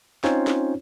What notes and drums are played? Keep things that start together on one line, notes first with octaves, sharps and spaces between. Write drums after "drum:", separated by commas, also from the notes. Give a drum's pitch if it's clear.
C4 C#4 D#4 F4 C5 C#5, drum: snare
drum: snare